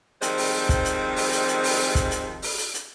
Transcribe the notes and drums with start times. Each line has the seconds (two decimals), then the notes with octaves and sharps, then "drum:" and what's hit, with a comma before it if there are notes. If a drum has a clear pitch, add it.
0.22 D#3 F3 G3 G#3 C4 C5, drum: hi-hat
0.38 drum: open hi-hat
0.69 drum: kick, hi-hat
0.85 drum: hi-hat
1.16 drum: open hi-hat
1.32 drum: hi-hat
1.48 drum: hi-hat
1.64 drum: open hi-hat
1.95 drum: kick, hi-hat
2.11 drum: hi-hat
2.42 drum: open hi-hat
2.58 drum: hi-hat
2.74 drum: hi-hat